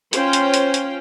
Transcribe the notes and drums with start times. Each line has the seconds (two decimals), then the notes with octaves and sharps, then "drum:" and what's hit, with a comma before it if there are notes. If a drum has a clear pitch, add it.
0.13 C#4 F4 C5 G5, drum: hi-hat
0.33 drum: hi-hat
0.54 drum: hi-hat
0.74 drum: hi-hat